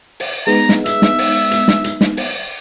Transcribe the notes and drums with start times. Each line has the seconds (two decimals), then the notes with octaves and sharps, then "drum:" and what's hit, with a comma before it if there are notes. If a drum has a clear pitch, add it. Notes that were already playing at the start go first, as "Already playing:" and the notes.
0.20 drum: open hi-hat
0.47 G#3 B3 D#4 A#5
0.69 drum: snare
0.86 E5, drum: hi-hat
1.02 drum: snare
1.18 drum: open hi-hat
1.51 drum: hi-hat
1.68 drum: snare
1.84 drum: hi-hat
2.01 drum: snare
2.17 drum: open hi-hat